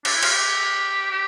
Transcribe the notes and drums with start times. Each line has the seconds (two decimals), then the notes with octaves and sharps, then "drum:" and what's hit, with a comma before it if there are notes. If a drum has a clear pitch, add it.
0.05 D4, drum: cymbal
0.14 E4
0.23 F4, drum: cymbal
0.32 G4
1.11 G4